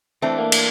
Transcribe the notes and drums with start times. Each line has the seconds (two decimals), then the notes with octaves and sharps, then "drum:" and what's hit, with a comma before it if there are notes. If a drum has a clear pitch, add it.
0.22 E3 A3 C4 D4
0.38 A#3
0.52 drum: cymbal